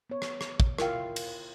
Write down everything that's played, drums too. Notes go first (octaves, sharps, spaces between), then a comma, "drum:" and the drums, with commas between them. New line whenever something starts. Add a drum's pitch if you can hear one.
B3 C#5
drum: rim click
drum: rim click
drum: kick
E4 F4 A#4 F5 G5, drum: rim click
drum: cymbal